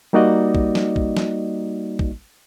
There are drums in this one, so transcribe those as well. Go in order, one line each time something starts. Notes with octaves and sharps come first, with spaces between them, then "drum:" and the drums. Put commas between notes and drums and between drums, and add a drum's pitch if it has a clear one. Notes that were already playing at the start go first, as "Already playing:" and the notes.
G3 A#3 D#4 F#4 D5 D#5
drum: kick
drum: snare
drum: kick
drum: snare
drum: kick